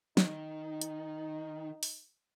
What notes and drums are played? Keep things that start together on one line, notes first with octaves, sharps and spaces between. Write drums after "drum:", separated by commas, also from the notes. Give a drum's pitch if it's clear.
D#3 D#4, drum: snare
drum: hi-hat
drum: open hi-hat